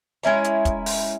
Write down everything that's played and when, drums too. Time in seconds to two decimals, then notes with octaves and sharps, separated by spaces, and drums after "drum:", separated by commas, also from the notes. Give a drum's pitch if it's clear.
0.23 G#3 C#4 E4 A#5
0.44 drum: hi-hat
0.65 drum: kick, hi-hat
0.86 drum: open hi-hat